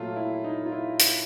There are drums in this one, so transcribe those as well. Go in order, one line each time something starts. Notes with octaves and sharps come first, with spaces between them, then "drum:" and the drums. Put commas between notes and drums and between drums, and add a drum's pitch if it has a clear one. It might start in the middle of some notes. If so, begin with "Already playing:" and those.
Already playing: A#2 F#3 A3 F4
E4
D#4
F4
E4
drum: hi-hat